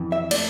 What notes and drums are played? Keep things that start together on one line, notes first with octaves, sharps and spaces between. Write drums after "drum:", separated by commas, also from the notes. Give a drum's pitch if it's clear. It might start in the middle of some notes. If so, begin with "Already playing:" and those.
Already playing: F2 E3
E5
A3 D5, drum: cymbal